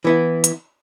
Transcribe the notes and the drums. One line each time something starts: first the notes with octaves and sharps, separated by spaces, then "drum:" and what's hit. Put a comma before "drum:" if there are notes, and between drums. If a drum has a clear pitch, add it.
E3 B3 E4
drum: hi-hat